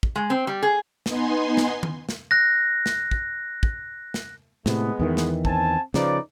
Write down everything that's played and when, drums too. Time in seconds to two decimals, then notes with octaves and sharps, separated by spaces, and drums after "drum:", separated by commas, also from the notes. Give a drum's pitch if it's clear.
0.03 drum: kick
0.16 G#3
0.30 C4
0.47 G3
0.63 G#4
1.06 B3 D#4 G#5 C6, drum: snare
1.57 drum: snare
1.83 drum: tom D#3
2.09 drum: snare
2.31 F#6 A#6
2.86 drum: snare
3.11 drum: kick
3.63 drum: kick
4.14 drum: snare
4.66 A2 C3 G#3 B3, drum: snare
4.99 E2 D#3 E3
5.17 drum: snare
5.45 C4 G#5 A5, drum: kick
5.94 C#3 F3 D#4 B4 D5, drum: snare